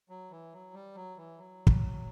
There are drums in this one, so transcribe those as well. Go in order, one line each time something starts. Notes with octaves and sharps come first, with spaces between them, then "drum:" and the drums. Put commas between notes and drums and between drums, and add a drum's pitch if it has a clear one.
F#3
E3
F#3
G3
F#3
E3
F#3
drum: kick